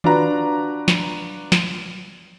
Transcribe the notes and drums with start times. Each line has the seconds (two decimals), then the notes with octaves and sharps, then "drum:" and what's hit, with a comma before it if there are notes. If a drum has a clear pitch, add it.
0.04 D4 F4 F#4 B4 A#5, drum: tom D#3
0.88 drum: snare
1.52 drum: snare